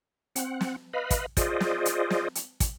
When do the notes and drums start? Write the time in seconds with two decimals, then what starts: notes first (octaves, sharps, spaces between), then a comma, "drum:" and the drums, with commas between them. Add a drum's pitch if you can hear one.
0.36 C4 F#5, drum: hi-hat
0.61 drum: snare
0.93 B4 D#5 F5 B5
1.11 drum: kick, hi-hat
1.37 F4 G#4 C5 D5 D#5, drum: kick, hi-hat
1.60 drum: snare
1.85 drum: hi-hat
2.10 drum: snare
2.35 drum: hi-hat
2.60 drum: kick, hi-hat